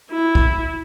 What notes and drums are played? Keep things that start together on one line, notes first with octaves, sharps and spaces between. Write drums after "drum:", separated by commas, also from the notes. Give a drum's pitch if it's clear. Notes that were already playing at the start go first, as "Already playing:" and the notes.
E4
drum: kick